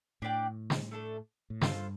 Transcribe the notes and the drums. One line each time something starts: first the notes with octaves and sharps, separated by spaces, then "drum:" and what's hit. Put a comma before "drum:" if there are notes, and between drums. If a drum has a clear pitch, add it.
A2 D4 G4 D5 G5
drum: snare
A3 D4 A4
A2
G2 A#3 F4 A4 C5, drum: snare